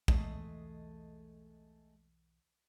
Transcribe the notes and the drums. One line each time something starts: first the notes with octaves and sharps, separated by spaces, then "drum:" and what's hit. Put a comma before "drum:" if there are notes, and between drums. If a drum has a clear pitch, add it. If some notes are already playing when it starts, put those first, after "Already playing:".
B1 E2 E3 G#3 A3 D#5, drum: kick